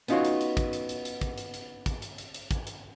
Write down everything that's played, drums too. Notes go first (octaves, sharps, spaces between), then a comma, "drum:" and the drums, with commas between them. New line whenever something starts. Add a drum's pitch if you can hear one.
B3 C#4 D#4 F4 F#4 C#5, drum: hi-hat
drum: hi-hat
drum: hi-hat
drum: kick, hi-hat
drum: hi-hat
drum: hi-hat
drum: hi-hat
drum: kick, hi-hat
drum: hi-hat
drum: hi-hat
drum: kick, hi-hat
drum: hi-hat
drum: hi-hat
drum: hi-hat
drum: kick, hi-hat
drum: hi-hat